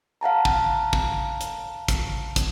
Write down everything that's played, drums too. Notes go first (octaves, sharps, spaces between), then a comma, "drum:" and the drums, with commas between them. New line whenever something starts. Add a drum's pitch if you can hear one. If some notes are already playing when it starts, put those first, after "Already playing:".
F5 F#5 A5 A#5
drum: kick
drum: kick
drum: hi-hat
drum: kick, hi-hat
drum: kick, hi-hat